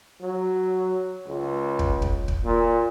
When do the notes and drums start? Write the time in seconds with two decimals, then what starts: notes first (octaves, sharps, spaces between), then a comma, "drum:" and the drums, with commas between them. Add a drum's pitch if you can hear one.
0.21 F#3
1.26 C#2
1.79 drum: kick
2.02 drum: kick
2.28 drum: kick
2.44 A#2